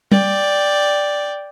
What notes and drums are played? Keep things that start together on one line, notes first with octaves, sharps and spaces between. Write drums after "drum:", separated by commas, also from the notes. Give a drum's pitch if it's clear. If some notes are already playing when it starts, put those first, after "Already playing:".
D5 G5, drum: tom G3